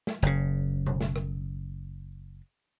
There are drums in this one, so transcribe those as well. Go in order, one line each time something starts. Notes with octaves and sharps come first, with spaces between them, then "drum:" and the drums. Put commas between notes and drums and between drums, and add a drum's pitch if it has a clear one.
drum: snare
F#1 C#3, drum: hi-hat
drum: tom B2
drum: snare
drum: rim click